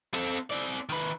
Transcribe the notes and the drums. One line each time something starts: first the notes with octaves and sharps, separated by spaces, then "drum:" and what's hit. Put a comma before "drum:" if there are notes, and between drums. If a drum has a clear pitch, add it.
C4 A4, drum: hi-hat
drum: hi-hat
C4 D5
D#3 B4